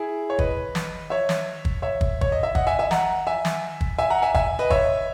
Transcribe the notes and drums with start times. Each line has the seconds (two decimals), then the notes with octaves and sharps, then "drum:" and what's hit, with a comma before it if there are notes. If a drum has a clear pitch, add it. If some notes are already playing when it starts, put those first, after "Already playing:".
Already playing: E4 G#4
0.30 C#5
0.39 B4 D#5, drum: kick
0.75 drum: snare
1.10 C#5 E5
1.29 drum: snare
1.65 drum: kick
1.82 C#5 E5
2.01 drum: kick
2.21 C#5, drum: kick
2.32 D#5
2.43 E5
2.55 D#5 F#5, drum: kick
2.67 E5 G#5
2.79 E5 G#5
2.91 F#5 A#5, drum: snare
3.27 E5 G#5
3.45 drum: snare
3.81 drum: kick
3.98 E5 G#5
4.10 F#5 A#5
4.22 E5 G#5
4.35 E5 G#5, drum: kick
4.59 B4 D#5
4.70 C#5 E5, drum: kick